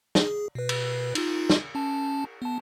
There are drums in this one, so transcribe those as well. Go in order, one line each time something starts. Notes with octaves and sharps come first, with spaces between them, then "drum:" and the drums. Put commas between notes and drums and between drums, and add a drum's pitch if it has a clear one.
G#4, drum: snare
B2 B4
drum: cymbal
D#4 F4, drum: cymbal
drum: snare
C#4 A5
B3 A5